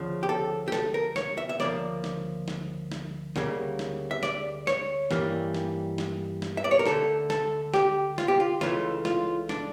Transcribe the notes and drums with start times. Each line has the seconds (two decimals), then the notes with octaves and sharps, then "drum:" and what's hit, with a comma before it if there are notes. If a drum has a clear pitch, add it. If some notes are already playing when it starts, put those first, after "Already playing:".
Already playing: D2 C#3 F3
0.23 G4
0.29 A4
0.68 G4
0.72 A4, drum: snare
0.94 A#4
1.16 C#5, drum: snare
1.38 E5
1.49 E5
1.60 D2 C#3 F3 A#3 D5, drum: snare
2.04 drum: snare
2.48 drum: snare
2.92 drum: snare
3.36 D2 C#3 G3 A#3, drum: snare
3.79 drum: snare
4.11 E5
4.23 D5, drum: snare
4.67 C#5, drum: snare
5.11 G2 E3 G3 A#3, drum: snare
5.54 drum: snare
5.98 drum: snare
6.42 drum: snare
6.57 E5
6.64 D5
6.71 C#5
6.79 A#4
6.86 D2 D3 A3 A4, drum: snare
7.30 A4, drum: snare
7.74 G4, drum: snare
8.18 F4, drum: snare
8.28 G4
8.40 F4
8.61 C#2 C#3 E3 A3 F4, drum: snare
9.05 F4, drum: snare
9.49 D4, drum: snare